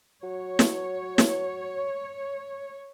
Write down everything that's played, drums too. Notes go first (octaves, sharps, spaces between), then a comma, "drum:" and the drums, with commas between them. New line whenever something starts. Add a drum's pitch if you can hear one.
F#3 C#5
drum: snare
drum: snare